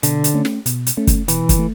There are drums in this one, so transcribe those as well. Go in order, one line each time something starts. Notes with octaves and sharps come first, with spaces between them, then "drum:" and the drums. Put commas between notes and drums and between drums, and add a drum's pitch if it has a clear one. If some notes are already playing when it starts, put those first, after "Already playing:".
B2 D3, drum: hi-hat
drum: hi-hat
A3 C#4
drum: snare
B2, drum: hi-hat
drum: hi-hat
A3 C#4
drum: kick, hi-hat
B2 E3, drum: hi-hat
drum: kick, hi-hat
A3